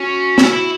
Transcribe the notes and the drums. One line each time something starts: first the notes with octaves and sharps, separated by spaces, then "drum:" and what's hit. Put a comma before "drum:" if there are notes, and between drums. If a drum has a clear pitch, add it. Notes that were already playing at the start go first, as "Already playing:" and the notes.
Already playing: C#4 F#4
E4, drum: snare
E4